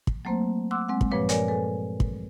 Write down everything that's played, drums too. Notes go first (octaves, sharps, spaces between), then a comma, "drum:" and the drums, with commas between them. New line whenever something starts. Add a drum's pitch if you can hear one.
drum: kick
F#3 A3 A#3 C4 C5
F#5 C6 D6 E6 F#6
G#3 C4 F#5
drum: kick
G2 A#2 F3 B4 C#5 D6
A#4 C#5 D5 G#5, drum: hi-hat
A4 B4 G#5
drum: kick